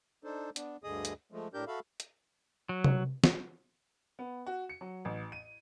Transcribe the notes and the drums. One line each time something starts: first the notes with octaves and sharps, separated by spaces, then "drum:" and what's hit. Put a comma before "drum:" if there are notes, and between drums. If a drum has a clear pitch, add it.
D4 D#4 A4 C5
B3 D4, drum: hi-hat
D2 G2 D3 G#4 D#5 D#6
drum: hi-hat
F3 G#3 A3
A2 D4 G4 A#4 G6
F#4 A4 E5 F5 B5
drum: hi-hat
F#3
drum: tom C3
drum: snare
B3
F#4
C#7
F#3
A1
D#7